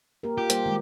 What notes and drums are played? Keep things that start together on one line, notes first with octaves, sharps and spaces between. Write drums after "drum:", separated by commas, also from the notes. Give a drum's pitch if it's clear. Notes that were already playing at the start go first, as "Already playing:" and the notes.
A#3 G4 A#4
F4 G4
G3 A#3 C5, drum: hi-hat
D#3 G#3